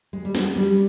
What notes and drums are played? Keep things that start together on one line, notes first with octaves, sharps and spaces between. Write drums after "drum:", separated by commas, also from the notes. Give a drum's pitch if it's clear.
G#3
G3
G#3, drum: snare
G3